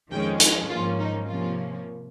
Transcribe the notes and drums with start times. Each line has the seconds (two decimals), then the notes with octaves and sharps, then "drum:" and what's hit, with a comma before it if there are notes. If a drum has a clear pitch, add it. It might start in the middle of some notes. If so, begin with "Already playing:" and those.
0.11 F2 D#3 G#3 C#4 G5
0.40 D#5, drum: hi-hat
0.69 G#2 F3 A#3 C#4 F4
0.99 D#4
1.28 C3 F3 A#3 C#4 F4